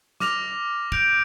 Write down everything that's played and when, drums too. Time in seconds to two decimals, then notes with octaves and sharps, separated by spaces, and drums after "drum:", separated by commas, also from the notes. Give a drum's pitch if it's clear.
0.20 D6 F6 A#6 F7, drum: snare
0.92 G6 D7 F7, drum: kick